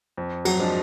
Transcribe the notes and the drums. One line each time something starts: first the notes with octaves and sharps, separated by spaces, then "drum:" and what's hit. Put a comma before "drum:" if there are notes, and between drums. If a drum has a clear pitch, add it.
F2
F#3, drum: cymbal
F3 G#3 D4